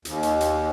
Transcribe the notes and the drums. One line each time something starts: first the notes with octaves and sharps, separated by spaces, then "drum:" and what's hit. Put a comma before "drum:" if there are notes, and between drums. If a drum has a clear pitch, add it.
D#2, drum: hi-hat
drum: hi-hat
drum: hi-hat